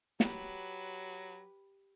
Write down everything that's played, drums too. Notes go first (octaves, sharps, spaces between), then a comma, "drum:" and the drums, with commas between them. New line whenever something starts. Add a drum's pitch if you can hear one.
F#3 G4 B4, drum: snare